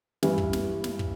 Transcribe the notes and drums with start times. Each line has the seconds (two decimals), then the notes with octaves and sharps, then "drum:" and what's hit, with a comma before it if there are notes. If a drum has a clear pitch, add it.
0.23 G2 E3 G3, drum: snare
0.38 drum: kick
0.53 drum: snare
0.84 drum: snare
0.99 drum: kick